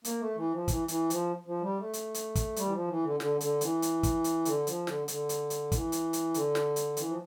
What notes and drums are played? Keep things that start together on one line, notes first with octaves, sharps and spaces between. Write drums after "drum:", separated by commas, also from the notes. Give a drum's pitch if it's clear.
A#3, drum: hi-hat
A3
E3
F3
E3, drum: kick, hi-hat
E3, drum: hi-hat
F3, drum: hi-hat
F3
G3
A3
drum: hi-hat
drum: hi-hat
drum: kick, hi-hat
G3, drum: hi-hat
E3
F3
E3
D3
D3, drum: snare
D3, drum: hi-hat
E3, drum: hi-hat
drum: hi-hat
drum: kick, hi-hat
drum: hi-hat
D3, drum: hi-hat
F3, drum: hi-hat
D3, drum: snare
D3, drum: hi-hat
drum: hi-hat
drum: hi-hat
E3, drum: kick, hi-hat
drum: hi-hat
drum: hi-hat
D3, drum: hi-hat
drum: snare
drum: hi-hat
E3, drum: hi-hat
F3